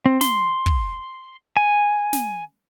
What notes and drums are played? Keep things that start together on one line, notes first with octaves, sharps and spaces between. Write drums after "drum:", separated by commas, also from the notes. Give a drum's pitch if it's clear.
C4
C6, drum: snare
drum: kick
G#5
drum: snare